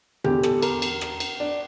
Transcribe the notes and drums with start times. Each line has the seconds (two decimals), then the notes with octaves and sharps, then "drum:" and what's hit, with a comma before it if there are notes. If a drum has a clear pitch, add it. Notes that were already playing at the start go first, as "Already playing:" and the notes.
0.24 E2 D3 G4, drum: tom A#2
0.43 A4, drum: rim click
0.62 A#4, drum: cymbal
0.82 drum: cymbal
1.01 drum: rim click
1.20 drum: cymbal
1.40 D4